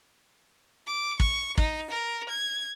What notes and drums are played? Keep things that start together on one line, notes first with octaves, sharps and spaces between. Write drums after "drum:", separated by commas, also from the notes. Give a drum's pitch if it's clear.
D6
C#6, drum: kick
D#4, drum: kick
A#4
G#6